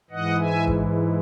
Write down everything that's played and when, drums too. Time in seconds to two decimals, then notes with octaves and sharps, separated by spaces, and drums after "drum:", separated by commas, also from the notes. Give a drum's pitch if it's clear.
0.10 G#2 E3 D#5 F#5
0.39 E5 G#5
0.67 drum: kick